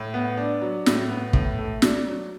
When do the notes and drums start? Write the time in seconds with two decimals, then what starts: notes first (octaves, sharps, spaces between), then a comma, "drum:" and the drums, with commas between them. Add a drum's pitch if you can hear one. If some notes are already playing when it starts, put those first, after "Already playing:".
Already playing: A2
0.14 B3
0.37 D4
0.61 F#3
0.86 A2, drum: snare
1.09 B3
1.33 A2, drum: kick
1.59 A3
1.82 D4, drum: snare
2.07 F#3